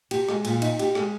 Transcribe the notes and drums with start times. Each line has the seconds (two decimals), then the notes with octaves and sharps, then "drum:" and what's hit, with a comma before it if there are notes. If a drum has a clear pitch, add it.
0.11 G4, drum: cymbal
0.29 G#3, drum: rim click
0.45 A#2, drum: cymbal
0.62 D#4, drum: cymbal
0.79 G4, drum: cymbal
0.95 G#3, drum: rim click